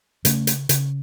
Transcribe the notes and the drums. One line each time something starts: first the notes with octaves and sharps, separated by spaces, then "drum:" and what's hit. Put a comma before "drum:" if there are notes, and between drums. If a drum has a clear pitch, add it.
C#3 A3 C#4, drum: hi-hat
drum: hi-hat
C#3, drum: hi-hat